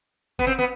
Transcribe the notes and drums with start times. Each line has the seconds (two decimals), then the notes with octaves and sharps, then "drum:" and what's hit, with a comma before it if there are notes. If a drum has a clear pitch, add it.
0.39 B3, drum: kick G1
0.47 C4
0.59 B3